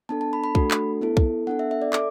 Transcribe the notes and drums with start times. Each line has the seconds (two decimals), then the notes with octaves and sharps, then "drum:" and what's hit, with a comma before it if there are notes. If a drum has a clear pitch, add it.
0.09 B3 D4 A4 A5
0.21 A5
0.33 B5
0.44 B5
0.55 A3 D4 F#4 A4 B5, drum: kick
0.71 drum: clap
1.01 B3 E4 A4
1.17 drum: kick
1.47 B3 D4 A4 F#5
1.59 E5
1.71 E5
1.82 D5
1.93 A4 D6, drum: clap